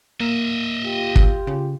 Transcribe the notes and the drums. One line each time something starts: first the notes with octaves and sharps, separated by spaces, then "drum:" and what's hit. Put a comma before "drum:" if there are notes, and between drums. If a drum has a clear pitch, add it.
A#3 D#5 E5
F4 G4
drum: kick
C#3